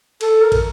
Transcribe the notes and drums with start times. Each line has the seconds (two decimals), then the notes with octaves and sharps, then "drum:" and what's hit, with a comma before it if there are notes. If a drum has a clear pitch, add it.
0.21 A4, drum: cymbal
0.41 A#4
0.52 drum: kick, cymbal